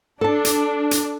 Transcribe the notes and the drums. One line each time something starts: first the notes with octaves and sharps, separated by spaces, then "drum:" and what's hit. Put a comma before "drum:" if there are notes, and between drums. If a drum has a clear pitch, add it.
D4 A4 A5
drum: hi-hat
drum: hi-hat